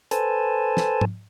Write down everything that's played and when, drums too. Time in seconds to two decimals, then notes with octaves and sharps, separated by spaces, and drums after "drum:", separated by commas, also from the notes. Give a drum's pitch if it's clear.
0.11 A4 B4 C5 G#5 A5, drum: hi-hat
0.77 drum: snare
1.01 drum: tom G#2